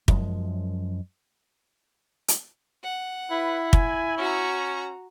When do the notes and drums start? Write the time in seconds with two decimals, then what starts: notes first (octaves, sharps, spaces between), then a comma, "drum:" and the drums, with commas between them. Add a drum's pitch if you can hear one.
0.08 F#2 F3 G#3, drum: kick
2.28 drum: hi-hat
2.84 F#5
3.31 E4 B4
3.73 G#5, drum: kick
4.18 C#4 F#4 A#5